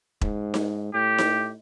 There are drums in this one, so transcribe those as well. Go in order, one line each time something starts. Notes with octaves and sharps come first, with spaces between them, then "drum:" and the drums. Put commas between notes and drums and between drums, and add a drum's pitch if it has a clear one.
G#2, drum: kick E1
drum: snare D#4
A2 G4
drum: snare D#4